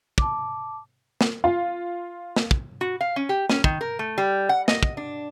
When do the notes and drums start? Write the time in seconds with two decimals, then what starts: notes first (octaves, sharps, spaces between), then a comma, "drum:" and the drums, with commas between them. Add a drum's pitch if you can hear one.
0.18 A5 D6, drum: kick
1.21 drum: snare
1.44 F4
2.36 drum: snare
2.51 drum: kick
2.81 F#4
3.01 F5
3.16 C#4
3.29 G4
3.50 C#4, drum: snare
3.64 D#3, drum: kick
3.81 A#4
3.99 A3
4.18 G3
4.49 F#5
4.68 D#5, drum: snare
4.83 drum: kick
4.97 D4